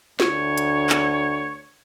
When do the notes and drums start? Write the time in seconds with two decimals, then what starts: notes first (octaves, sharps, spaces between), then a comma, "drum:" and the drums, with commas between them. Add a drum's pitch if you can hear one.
0.20 D2 C#5, drum: snare
0.58 drum: hi-hat
0.89 drum: clap